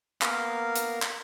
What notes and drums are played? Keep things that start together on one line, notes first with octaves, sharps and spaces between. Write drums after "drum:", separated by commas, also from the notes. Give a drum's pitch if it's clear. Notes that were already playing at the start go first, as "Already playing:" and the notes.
A#3 B3 A#4 F5, drum: clap
drum: hi-hat
drum: clap